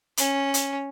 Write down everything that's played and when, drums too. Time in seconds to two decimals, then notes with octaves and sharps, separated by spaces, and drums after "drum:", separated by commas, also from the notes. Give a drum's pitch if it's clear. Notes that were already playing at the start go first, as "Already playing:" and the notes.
0.17 C#4, drum: hi-hat
0.54 drum: hi-hat